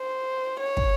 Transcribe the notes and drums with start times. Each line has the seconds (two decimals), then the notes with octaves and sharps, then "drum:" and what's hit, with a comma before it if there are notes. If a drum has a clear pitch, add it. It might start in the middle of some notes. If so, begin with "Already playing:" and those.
Already playing: C5
0.60 C#5
0.77 drum: kick